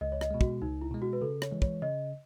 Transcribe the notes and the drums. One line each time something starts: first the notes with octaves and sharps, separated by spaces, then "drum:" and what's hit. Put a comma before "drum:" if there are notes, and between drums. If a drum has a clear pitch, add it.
C#2 D#5
C#5
D#5, drum: rim click
B2 G#3
F#4, drum: kick
C#2 D#4
E4
B2 G#3
F#4
B4
C#3 A4
C#5, drum: rim click
E3 G#3
C#5, drum: kick
C#3 D#5